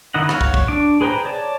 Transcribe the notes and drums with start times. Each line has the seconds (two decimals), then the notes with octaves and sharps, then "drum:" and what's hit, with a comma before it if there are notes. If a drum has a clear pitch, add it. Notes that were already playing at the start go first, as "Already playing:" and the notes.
0.14 D#3 D#4 E4 D#5 F#5
0.29 C#5 F5 F#5, drum: rim click
0.41 drum: kick
0.54 drum: kick
0.68 D4 D6
1.01 G#4 B4 C5 G5 A#5
1.25 C#5 D5 A5